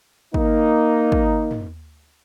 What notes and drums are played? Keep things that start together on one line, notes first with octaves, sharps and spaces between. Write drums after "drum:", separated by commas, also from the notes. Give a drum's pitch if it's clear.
A#3 D#4, drum: kick
drum: kick
drum: tom